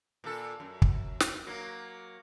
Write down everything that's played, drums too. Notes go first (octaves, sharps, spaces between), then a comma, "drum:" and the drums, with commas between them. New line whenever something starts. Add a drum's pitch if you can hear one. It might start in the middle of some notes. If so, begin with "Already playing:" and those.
A#2 A4
F#2
drum: kick
drum: snare
F#3 A#3